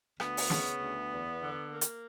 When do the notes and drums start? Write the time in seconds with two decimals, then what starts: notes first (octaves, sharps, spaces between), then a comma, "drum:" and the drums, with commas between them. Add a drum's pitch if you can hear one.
0.20 D2 B3, drum: rim click
0.37 drum: open hi-hat
0.50 C#3, drum: snare
0.80 D2
1.10 E2
1.41 D3
1.71 A#3
1.81 drum: hi-hat